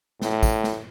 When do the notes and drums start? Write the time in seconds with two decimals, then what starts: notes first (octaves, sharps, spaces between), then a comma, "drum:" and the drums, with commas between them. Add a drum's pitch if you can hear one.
0.22 A2, drum: snare
0.43 drum: kick, tambourine
0.64 drum: snare